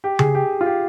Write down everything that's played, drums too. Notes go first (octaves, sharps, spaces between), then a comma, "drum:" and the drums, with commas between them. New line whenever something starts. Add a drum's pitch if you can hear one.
G4
G#4, drum: tom C#3
G4
F4
G4